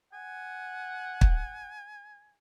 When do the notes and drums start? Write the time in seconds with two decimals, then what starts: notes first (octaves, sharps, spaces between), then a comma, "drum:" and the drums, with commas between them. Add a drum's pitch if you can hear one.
0.13 F#5 G#5
1.21 drum: kick